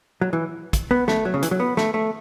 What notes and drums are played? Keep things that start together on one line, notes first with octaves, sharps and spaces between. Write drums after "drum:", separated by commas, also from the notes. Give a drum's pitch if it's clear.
F#3
E3
drum: kick, hi-hat
B3
A3, drum: snare
F#3
C#3
E3, drum: hi-hat
F#3
B3
A3, drum: snare
A3